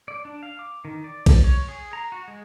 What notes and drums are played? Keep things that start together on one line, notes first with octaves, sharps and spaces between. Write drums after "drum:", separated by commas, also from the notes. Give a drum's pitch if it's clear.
D5
D4
F5
D6
D#3
D5
drum: kick B1, cymbal
C#5
G#4
A#5
F#4
G#3